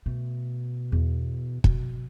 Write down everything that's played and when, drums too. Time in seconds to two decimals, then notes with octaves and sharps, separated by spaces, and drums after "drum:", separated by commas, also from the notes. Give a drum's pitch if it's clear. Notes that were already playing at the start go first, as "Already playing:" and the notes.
0.06 B2 A3
0.92 E2
1.64 B2, drum: kick